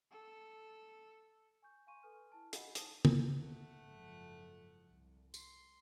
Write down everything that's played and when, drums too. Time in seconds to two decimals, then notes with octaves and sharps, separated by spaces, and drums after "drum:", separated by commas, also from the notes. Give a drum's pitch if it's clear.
0.11 A4
1.62 G#5 C#6 G6
1.87 F5 G#5 C6 C#6 D#7
2.03 A4 B4 G#5 F6
2.30 E4 A5 F6
2.53 G4 D#5 F5 F#5 G#5 B5, drum: hi-hat
2.75 D#4 A5 D#6 D#7, drum: hi-hat
3.05 drum: tom
3.38 A3 F#5
3.79 F#1 G#2 F3
4.88 C2
5.34 C6, drum: tambourine